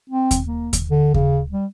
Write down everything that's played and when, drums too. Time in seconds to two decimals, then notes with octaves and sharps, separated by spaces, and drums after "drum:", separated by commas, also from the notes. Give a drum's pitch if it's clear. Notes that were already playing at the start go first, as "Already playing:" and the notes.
0.10 C4
0.31 drum: kick D#2, hi-hat
0.47 A#3
0.73 drum: kick D#2, hi-hat
0.91 D3
1.14 C#3, drum: kick D#2
1.52 G3